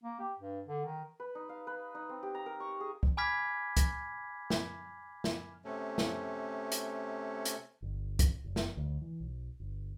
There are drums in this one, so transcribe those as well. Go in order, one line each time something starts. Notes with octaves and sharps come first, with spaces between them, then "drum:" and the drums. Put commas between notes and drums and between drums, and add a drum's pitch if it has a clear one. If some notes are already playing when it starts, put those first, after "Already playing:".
A#3
G4
G2
D3
D#3
B4
D#4
F5
B4
D#4
C4
G4
A#5
A#4
C#6
G#4
drum: kick
G#5 B5 D6 F6 G#6 B6
drum: kick, hi-hat
drum: snare
drum: snare
C3 A3 C#4
drum: snare
drum: hi-hat
drum: hi-hat
G1
drum: kick, hi-hat
F#1
drum: snare
D2
E3
B1
G1